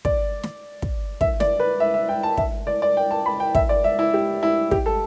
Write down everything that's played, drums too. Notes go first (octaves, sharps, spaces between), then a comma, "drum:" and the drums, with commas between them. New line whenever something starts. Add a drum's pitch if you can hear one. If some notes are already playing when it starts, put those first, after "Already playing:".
D5, drum: kick
drum: snare
drum: kick
E5, drum: kick
D5, drum: snare
B4
E5
E5
G5
A5
E5, drum: kick
D5
D5
G5
A5
B5
G5
E5, drum: kick
D5
E5
E4
G4
E4
G4, drum: kick
A4